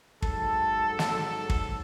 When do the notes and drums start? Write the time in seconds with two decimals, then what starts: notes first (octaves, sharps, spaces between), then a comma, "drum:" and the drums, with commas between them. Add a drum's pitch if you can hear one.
0.22 G#2 F#3 A4, drum: kick
0.99 drum: snare
1.24 A4
1.50 drum: kick